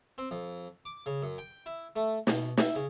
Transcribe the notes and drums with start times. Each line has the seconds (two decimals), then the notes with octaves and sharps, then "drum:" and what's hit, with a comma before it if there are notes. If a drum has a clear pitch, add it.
0.18 C4
0.31 F2
0.85 D6
1.06 C#3
1.23 F#2
1.38 G5
1.66 E4
1.96 A3
2.27 B2, drum: snare
2.57 E5, drum: snare
2.75 C#3